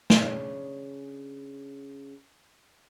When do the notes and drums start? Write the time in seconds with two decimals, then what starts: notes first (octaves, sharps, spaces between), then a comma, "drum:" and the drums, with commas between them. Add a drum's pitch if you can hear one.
0.10 C#3 D4, drum: snare